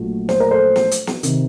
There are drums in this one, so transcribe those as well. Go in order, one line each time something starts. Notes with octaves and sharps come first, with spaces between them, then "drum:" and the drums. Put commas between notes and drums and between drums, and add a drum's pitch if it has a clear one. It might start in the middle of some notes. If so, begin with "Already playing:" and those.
Already playing: A#1 A#2 F#3 A3
C5, drum: snare
A#4
A4 C5
drum: snare
drum: hi-hat
drum: snare
C3 D#3, drum: hi-hat